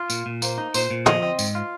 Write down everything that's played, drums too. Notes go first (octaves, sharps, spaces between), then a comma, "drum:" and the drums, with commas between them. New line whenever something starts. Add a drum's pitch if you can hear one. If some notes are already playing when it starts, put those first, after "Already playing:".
Already playing: F4
A#2, drum: tambourine
A#2
A#3 C5, drum: tambourine
D#4
A#2 C5, drum: tambourine
A#2
F3 D#5, drum: tom
C4
G#2, drum: tambourine
F4